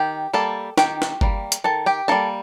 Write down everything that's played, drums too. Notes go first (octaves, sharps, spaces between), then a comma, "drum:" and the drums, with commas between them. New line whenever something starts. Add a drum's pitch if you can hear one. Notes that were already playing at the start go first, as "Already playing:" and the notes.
Already playing: D#3 G4 G5
G3 A#3 A4 A5
D#3 G4 G5, drum: snare
drum: snare
G3 A#3, drum: kick G1
drum: hi-hat
D#3 A4 A5
G4 G5
G3 A#3 A4 A5